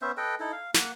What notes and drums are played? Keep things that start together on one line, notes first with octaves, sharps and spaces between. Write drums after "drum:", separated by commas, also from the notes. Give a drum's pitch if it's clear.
B3 C#4 C5 E5
A4 B4 D#5 G5
D#4 E4 A4
F5
A#3 F#5, drum: snare